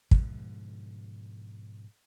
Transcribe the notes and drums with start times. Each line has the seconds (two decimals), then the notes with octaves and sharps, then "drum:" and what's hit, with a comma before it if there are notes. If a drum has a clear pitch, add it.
0.11 G#2 B2 D3 F3, drum: kick